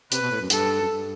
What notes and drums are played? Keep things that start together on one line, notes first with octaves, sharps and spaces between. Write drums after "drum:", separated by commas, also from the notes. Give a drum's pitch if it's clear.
C3 B4, drum: hi-hat
B2
A2
F#2
G2 A4, drum: hi-hat
F#2
G2